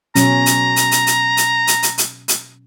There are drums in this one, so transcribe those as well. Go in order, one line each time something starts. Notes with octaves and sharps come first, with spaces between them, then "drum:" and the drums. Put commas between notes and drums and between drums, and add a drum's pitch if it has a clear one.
B2 F#3 C#4 A#5, drum: hi-hat
drum: hi-hat
drum: hi-hat
drum: hi-hat
drum: hi-hat
drum: hi-hat
drum: hi-hat
drum: hi-hat
drum: hi-hat
drum: hi-hat